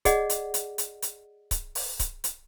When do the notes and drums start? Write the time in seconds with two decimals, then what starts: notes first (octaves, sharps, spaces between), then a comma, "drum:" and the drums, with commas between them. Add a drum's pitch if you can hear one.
0.05 G#4 D5 D#5 F#5, drum: kick C#1, hi-hat
0.30 drum: hi-hat
0.54 drum: hi-hat
0.78 drum: hi-hat
1.02 drum: hi-hat
1.51 drum: kick C#1, hi-hat
1.75 drum: open hi-hat
1.99 drum: kick C#1, hi-hat
2.24 drum: hi-hat